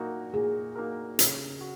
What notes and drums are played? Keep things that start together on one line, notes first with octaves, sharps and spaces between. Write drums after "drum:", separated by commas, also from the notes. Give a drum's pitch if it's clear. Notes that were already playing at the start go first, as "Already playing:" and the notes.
Already playing: A#2 A#3 D#4 F#4 A#4
A#2 G#4
A#3 D#4 F#4 A#4
C#3, drum: hi-hat
F#4